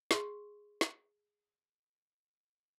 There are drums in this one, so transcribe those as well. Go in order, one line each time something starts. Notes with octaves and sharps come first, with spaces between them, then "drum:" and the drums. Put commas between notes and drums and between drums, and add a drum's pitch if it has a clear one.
G#4 C6 C#6, drum: snare
drum: snare